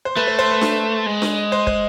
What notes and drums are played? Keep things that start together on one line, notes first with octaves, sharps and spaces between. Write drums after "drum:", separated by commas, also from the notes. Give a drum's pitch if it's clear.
C5
A3 B4
C5
C5
B4
drum: snare D4
G#3
drum: snare D4
C5
C5, drum: kick